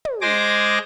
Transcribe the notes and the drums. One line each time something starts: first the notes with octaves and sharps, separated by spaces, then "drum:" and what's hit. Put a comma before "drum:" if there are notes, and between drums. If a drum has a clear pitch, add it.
drum: tom
G#3 G#4 C5 G#5 D6 A#6